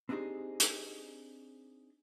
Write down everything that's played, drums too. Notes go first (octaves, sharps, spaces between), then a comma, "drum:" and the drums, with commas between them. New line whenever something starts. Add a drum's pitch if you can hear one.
C4 D4 D#4 G4 G#4 C5
drum: hi-hat